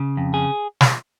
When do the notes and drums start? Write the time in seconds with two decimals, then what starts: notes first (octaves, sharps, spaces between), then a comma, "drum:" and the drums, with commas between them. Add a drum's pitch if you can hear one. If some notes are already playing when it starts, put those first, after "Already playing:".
Already playing: C#3
0.17 F2
0.34 G#4
0.81 drum: snare